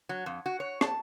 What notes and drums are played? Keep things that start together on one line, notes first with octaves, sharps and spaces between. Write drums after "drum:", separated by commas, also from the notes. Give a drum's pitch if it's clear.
F#3
F2
F#4
C#5
A5, drum: rim click